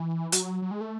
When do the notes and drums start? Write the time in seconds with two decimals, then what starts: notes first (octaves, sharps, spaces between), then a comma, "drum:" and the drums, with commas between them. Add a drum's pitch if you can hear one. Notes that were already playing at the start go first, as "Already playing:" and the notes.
Already playing: E3
0.32 F#3, drum: hi-hat
0.62 F#3
0.71 G#3
0.81 A3